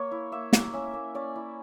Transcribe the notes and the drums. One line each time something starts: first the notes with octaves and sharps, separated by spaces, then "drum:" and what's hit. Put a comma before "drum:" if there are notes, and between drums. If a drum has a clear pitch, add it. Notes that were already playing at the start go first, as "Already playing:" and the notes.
Already playing: A#3 C#5
E4
A#3 E5
A#3, drum: snare
C#4 E5
A#3
C#4 D5
E4